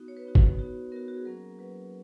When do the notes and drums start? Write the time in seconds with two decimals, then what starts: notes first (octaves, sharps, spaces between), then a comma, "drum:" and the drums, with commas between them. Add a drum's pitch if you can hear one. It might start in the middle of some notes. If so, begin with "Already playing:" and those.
Already playing: B3 D#4 F#4
0.08 C#5
0.17 B4
0.25 B3 D#4 F#4
0.35 drum: kick
0.59 B3 D#4 F#4
0.92 B3 D#4 F#4 A#4
1.08 F#4
1.17 G#4
1.25 F#3 A#3 C#4 A#4
1.59 F#3 A#3 C#4 B4